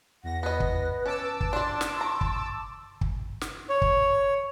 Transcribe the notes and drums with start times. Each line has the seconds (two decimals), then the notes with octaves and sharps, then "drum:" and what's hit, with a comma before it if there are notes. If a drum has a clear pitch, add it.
0.23 E2 F#5 A#6
0.43 B3 B4 D#5
0.60 drum: kick
1.06 C#4 A5 D6 E6
1.41 drum: kick
1.53 D4 D5 C6
1.81 drum: snare
2.01 A#5
2.21 drum: kick
3.01 drum: kick
3.41 drum: snare
3.69 C#5
3.82 drum: kick